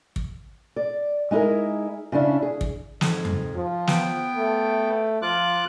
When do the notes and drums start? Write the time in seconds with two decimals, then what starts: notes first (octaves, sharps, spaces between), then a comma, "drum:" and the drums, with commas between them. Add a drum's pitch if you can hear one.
0.16 drum: kick
0.76 D5
1.31 G#3 D#4 E4 G#4 A#4
2.12 C#3 C#4 D4 E4
2.42 G#4
2.61 drum: kick
3.01 F2 G#2, drum: snare
3.25 drum: tom F2
3.55 F3
3.87 B3 G5, drum: snare
4.36 A3
5.22 F3 F4 D6 F#6